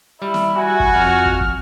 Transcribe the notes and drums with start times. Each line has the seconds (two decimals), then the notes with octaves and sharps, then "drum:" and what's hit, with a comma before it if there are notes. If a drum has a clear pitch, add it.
0.22 G3 E4
0.34 drum: snare
0.56 F#4 G#5
0.80 drum: kick
0.95 F2 F6
1.26 drum: kick
1.41 drum: kick